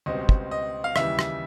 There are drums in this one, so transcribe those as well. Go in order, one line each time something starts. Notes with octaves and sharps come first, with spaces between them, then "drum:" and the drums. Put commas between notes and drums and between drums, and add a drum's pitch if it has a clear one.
C#2 B2 G3 C4 D#5
drum: kick
D#5
F5
D#2 C#3 E3 G3 E5, drum: rim click
drum: rim click